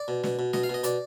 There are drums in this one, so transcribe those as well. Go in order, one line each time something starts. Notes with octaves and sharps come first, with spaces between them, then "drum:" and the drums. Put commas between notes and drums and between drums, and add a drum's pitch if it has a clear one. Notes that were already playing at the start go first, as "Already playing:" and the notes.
Already playing: D5
B2
B2, drum: snare
B2
B2 D#5, drum: snare
F5
B2 D#5
B2 D5, drum: hi-hat